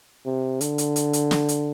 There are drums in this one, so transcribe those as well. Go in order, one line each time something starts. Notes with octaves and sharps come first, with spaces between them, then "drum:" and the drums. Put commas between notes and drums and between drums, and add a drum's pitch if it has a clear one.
C3
D3, drum: hi-hat
drum: hi-hat
drum: hi-hat
drum: hi-hat
drum: snare
drum: hi-hat